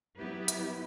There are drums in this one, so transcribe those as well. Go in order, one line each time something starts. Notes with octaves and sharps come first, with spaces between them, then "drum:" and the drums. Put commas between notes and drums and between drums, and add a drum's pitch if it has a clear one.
F#3 B3 E4 G4 B4
drum: hi-hat